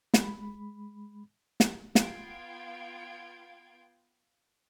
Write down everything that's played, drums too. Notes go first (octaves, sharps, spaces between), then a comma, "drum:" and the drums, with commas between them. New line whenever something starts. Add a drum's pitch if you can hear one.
G#3 B5, drum: snare
drum: snare
B3 F4 F5 G5 G#6 D7, drum: snare